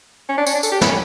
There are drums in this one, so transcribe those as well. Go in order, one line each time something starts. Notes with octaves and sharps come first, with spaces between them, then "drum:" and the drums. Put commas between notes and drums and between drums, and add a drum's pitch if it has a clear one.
C#4
D4
C#4, drum: tambourine
D4
A4, drum: tambourine
G4
B3, drum: snare
C#4